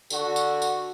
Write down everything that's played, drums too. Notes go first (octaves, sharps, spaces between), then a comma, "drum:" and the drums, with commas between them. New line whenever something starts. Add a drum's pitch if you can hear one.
D3 F#4, drum: tambourine
drum: tambourine
drum: tambourine